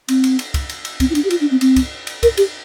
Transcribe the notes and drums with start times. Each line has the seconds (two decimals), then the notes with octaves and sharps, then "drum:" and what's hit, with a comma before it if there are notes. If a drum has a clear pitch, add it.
0.08 C4, drum: cymbal
0.24 drum: cymbal
0.39 drum: cymbal
0.54 drum: kick, cymbal
0.69 drum: cymbal
0.85 drum: cymbal
1.00 C4, drum: kick, cymbal
1.10 E4
1.15 D4, drum: cymbal
1.25 G4
1.30 F4, drum: cymbal
1.41 D4
1.51 C4
1.61 C4, drum: cymbal
1.76 drum: kick, cymbal
2.07 drum: cymbal
2.23 A#4, drum: kick, cymbal
2.37 G4, drum: cymbal